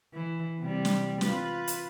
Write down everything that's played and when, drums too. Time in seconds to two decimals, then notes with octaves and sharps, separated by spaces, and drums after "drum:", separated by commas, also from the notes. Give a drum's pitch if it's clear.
0.13 E3
0.60 C3 G3
0.85 drum: snare
1.21 F4 B4, drum: snare
1.67 drum: hi-hat